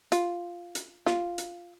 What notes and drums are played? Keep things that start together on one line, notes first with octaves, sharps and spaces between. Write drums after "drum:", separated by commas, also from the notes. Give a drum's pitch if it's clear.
F4, drum: hi-hat
drum: hi-hat
F4, drum: snare
drum: hi-hat